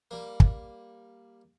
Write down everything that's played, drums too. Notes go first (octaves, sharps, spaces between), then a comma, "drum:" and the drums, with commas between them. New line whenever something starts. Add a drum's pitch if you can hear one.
G3 A#3
drum: kick